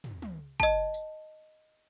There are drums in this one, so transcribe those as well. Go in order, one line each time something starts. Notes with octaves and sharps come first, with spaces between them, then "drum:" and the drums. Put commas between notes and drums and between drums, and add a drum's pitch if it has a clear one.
drum: tom
drum: tom
D#5 A5, drum: kick
drum: tambourine